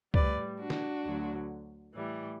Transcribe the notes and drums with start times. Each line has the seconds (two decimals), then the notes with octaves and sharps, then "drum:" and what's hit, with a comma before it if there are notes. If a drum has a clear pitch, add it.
0.14 A2 G3 B4 D5, drum: kick C#2
0.59 D4 F#4
0.70 drum: snare
1.03 D2 D3 F#3
1.93 A2 E3 G3